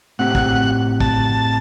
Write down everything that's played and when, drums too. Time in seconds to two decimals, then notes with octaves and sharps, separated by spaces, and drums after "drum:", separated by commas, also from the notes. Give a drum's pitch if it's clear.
0.19 A2 C4 G4 F#5
0.35 drum: kick
1.00 A5, drum: kick